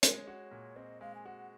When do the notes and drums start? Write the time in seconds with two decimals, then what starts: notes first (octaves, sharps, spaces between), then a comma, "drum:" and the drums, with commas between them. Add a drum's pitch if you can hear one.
0.03 G#3 C#5, drum: hi-hat
0.28 F#4
0.51 A#2
0.76 C4 D#5
1.01 G#3 F5
1.15 G#5
1.25 F#4 F#5